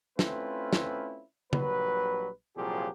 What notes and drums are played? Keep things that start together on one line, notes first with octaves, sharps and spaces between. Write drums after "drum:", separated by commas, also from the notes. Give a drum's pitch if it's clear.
A3 C4 C#4 E4 F4 B4, drum: snare
drum: snare
A#1 F#3 G3 B4, drum: tom
C2 A#2 F3 F#3 G4 G#4